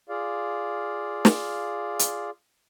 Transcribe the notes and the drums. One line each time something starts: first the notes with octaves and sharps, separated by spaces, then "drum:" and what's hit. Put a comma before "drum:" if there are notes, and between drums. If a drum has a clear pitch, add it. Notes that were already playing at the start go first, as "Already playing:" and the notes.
F4 G#4 D5 F5
drum: snare
drum: hi-hat